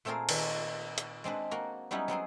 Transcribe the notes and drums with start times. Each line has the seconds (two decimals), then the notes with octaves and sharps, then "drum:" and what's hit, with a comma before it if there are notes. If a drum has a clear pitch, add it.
0.05 A#2 A3 C4 F4 G#4 A#4
0.29 D#3, drum: cymbal
0.98 drum: hi-hat
1.24 G#3 C4 D4 B4
1.51 A#3 F#4
1.91 F#3 G3 B3 C#4 D#4 E4
2.08 F#3 B3 C4 G#4